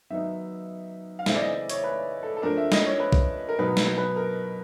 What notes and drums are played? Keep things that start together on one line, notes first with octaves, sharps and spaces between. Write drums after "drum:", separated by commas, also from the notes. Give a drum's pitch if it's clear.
D#3 F#3 B3 D#4 E5
F5
C#3 E3 A3 C4 E4 E5, drum: snare
D5
D#5
C#5, drum: hi-hat
B4
A4
A4
F3 A3 D4 A#4
E5
D#5, drum: snare
C#5
B4
drum: kick B1
A#4
B2 F#3 B3 D#4 B4
drum: snare
B4
A#4